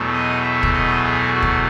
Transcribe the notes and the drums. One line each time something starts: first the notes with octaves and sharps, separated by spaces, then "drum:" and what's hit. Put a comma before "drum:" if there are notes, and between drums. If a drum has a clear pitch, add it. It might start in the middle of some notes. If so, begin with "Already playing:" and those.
Already playing: E2 B2 F#3 A3
D#5
E5
drum: kick
D#5
G#4
F#4
drum: kick